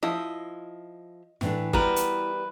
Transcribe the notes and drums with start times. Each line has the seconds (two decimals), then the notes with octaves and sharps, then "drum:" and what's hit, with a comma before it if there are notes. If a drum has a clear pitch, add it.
0.03 F3 E4 D#5
1.41 A2 E3 D4, drum: snare
1.73 G3 B3 E4 F#4 A#4 B4, drum: kick
1.96 drum: hi-hat